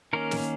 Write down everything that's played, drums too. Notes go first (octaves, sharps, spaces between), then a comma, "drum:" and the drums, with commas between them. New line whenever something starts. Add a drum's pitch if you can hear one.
D#3 A#3 C#4 A#4
drum: snare